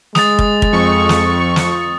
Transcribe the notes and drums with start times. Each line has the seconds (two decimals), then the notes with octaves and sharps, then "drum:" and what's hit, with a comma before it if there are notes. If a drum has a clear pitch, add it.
0.15 G#3 D#6 A6, drum: snare
0.39 drum: kick
0.62 drum: kick
0.72 F2 C#6
1.09 drum: snare
1.56 drum: snare